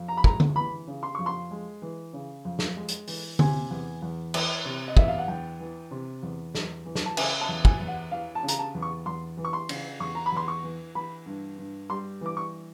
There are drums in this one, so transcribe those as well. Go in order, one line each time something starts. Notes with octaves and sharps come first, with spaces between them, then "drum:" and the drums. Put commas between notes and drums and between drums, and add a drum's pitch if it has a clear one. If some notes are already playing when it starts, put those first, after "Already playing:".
Already playing: F2
A#5
B5
G#3 A#5, drum: kick
drum: tom D3
E3 B5
C#3
C6
F2 C#6
C6
G#3
E3
C#3
F2
drum: snare
G#3
drum: hi-hat
E3, drum: open hi-hat
C3 G#5, drum: tom D3
E2
E2
E3, drum: cymbal
C3
D#5
E2 E5, drum: kick
F5
F#5
E2 G5
E3
C3
E2
E2, drum: snare
E3
drum: snare
A5
C#3 G#5, drum: cymbal
A5
E2
G#5, drum: kick
E2
F#5
E3 F5
A5
C#3
A#5, drum: hi-hat
A5
E2
C#6
E2 C6
E3
C#6
C6
C#3, drum: cymbal
E2 C#6
A#5
B5
E2 C6
C#6
E3
E3 B5
G2
G2
G3 C6
E3 D6
C#6